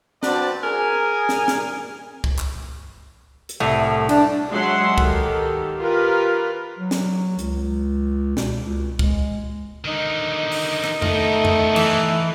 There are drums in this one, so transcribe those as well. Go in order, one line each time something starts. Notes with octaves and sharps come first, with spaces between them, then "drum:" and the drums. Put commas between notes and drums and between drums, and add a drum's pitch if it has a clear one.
C4 D4 F#4 B4 D5 A5, drum: snare
G#4 A#4 G#5
drum: snare
drum: snare
drum: kick
drum: clap
drum: hi-hat
C2 A2
D4, drum: cymbal
F#3 G#3 E5 F#5 C6
D#3 G4 A4, drum: kick
F4 G4 A#4 B4
F#3
drum: snare
C#2, drum: hi-hat
B2, drum: snare
C#2
G#3, drum: kick
D3 D#3 D#4
drum: open hi-hat
drum: rim click
D#3 A3 B3, drum: tom F2
drum: tom F2
E3, drum: cymbal